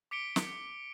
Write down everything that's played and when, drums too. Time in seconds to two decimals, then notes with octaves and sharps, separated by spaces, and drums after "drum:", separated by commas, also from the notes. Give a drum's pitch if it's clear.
0.11 D6 B6 C#7 D7 G7
0.36 drum: snare